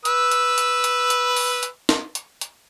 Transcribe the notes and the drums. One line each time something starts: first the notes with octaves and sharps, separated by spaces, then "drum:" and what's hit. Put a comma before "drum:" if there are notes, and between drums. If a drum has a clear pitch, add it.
B4 E6, drum: hi-hat
drum: hi-hat
drum: hi-hat
drum: hi-hat
drum: hi-hat
drum: open hi-hat
drum: hi-hat
drum: snare
drum: hi-hat
drum: hi-hat